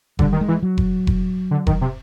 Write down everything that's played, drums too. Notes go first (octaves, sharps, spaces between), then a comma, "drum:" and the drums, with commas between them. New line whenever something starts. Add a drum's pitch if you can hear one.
D3 G3, drum: kick F1
D#3
G#3
E3
F#3
drum: kick F1
drum: kick F1
D3
D#3, drum: kick F1
C3